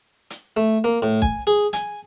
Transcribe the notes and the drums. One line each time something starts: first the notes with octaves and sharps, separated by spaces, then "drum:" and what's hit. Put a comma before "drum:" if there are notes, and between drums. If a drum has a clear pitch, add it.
drum: hi-hat
A3
A#3
A2
G#5, drum: kick
G#4
G#5, drum: hi-hat